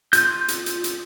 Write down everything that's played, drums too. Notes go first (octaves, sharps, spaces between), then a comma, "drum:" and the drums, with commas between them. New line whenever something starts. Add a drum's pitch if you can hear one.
F4 G6, drum: hi-hat
drum: hi-hat
drum: hi-hat
drum: hi-hat